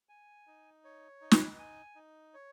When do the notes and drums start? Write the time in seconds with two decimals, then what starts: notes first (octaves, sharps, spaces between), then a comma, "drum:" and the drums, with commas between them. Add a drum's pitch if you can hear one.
0.09 G#5
0.47 D#4
0.84 C#5
1.21 D#4
1.31 drum: snare
1.59 G#5
1.96 D#4
2.34 C#5